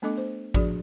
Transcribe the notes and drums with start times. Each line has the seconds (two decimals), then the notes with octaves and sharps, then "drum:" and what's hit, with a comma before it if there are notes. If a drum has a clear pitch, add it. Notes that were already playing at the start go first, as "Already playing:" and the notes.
0.02 A3 B3 D4 A4 D#5 D6
0.17 C5
0.54 F3 D4 F#4 G#4 D5, drum: kick A1